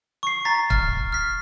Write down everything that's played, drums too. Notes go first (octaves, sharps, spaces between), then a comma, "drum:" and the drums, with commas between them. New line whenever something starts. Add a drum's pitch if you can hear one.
C#6 C7
A#5 A6 B6
F6, drum: kick
F6 B6